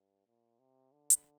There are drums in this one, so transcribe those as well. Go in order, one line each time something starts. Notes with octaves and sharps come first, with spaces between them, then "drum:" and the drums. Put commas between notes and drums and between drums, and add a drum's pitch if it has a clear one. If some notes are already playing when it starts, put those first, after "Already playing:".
Already playing: G2
A#2
C3
D3
drum: hi-hat